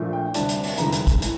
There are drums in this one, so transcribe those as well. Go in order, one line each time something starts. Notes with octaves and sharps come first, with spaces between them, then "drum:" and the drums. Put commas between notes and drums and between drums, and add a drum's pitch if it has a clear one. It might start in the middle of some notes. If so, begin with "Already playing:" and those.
Already playing: A#1 A#2 F3 A3
G5
D2 C3 G3 D4 A5, drum: hi-hat
drum: hi-hat
drum: open hi-hat
F1 E2 D3 G3 A#5, drum: hi-hat
drum: hi-hat
drum: kick, hi-hat
A2, drum: hi-hat